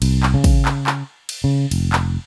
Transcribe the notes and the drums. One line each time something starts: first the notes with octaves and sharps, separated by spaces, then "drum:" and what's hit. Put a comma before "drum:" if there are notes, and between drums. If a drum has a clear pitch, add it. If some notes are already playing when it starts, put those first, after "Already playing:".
C2, drum: cymbal
drum: clap
C#3
drum: kick, cymbal
drum: clap
drum: clap
drum: cymbal
C#3
F1, drum: cymbal
drum: clap